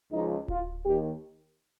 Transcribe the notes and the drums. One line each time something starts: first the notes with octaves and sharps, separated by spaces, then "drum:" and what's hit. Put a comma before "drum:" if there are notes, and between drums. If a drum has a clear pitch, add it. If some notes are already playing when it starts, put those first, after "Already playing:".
C#2 C#3 F3 D#4
F4, drum: kick D1
D#2 D#3 G4